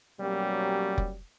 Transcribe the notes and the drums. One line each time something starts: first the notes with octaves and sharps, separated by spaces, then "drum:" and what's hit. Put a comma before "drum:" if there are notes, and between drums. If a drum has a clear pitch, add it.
B2 F#3 G3 A#3 C#4 G4
drum: kick F1